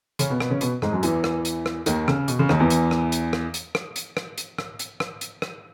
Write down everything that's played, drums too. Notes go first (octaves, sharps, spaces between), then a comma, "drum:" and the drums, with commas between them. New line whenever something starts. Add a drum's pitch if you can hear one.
C#3 C#4, drum: hi-hat
B2 B3
B2 B3, drum: rim click
C#3 C#4
B2 B3, drum: hi-hat
G#2 G#3, drum: rim click
F#2 F#3
E2 E3, drum: hi-hat
drum: rim click
drum: hi-hat
drum: rim click
D#2 D#3, drum: hi-hat
C#3, drum: rim click
B2, drum: hi-hat
C#3
D#2 D#3, drum: rim click
E2 E3
drum: hi-hat
drum: rim click
drum: hi-hat
drum: rim click
drum: hi-hat
drum: rim click
drum: hi-hat
drum: rim click
drum: hi-hat
drum: rim click
drum: hi-hat
drum: rim click
drum: hi-hat
drum: rim click